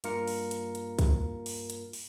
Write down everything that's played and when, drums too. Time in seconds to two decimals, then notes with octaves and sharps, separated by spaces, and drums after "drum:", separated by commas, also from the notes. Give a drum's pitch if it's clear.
0.04 G2 A#3 F4 A#4 C#7, drum: hi-hat
0.27 drum: open hi-hat
0.51 drum: hi-hat
0.75 drum: hi-hat
0.99 drum: kick C2, hi-hat
1.46 drum: open hi-hat
1.70 drum: hi-hat
1.93 drum: open hi-hat